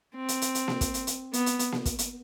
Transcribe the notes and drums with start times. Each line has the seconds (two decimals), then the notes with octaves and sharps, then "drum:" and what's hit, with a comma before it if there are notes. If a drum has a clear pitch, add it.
0.16 C4
0.28 drum: hi-hat
0.42 drum: hi-hat
0.55 drum: hi-hat
0.68 drum: snare A#3
0.81 drum: kick, hi-hat
0.94 drum: hi-hat
1.07 drum: hi-hat
1.33 B3, drum: hi-hat
1.46 drum: hi-hat
1.59 drum: hi-hat
1.72 drum: snare A#3
1.85 drum: kick, hi-hat
1.99 drum: hi-hat